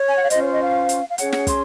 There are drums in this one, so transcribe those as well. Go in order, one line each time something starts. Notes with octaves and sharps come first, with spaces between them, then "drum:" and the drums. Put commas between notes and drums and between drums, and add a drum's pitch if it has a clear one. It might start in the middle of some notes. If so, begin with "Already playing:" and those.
Already playing: C#5
G#5
F#5
F5
C#4 F4 C5 D#5, drum: hi-hat
C#5
D#5
F5
drum: hi-hat
F5
C#4 G#4 C#5 F#5, drum: hi-hat
F#5, drum: snare
C6, drum: kick, hi-hat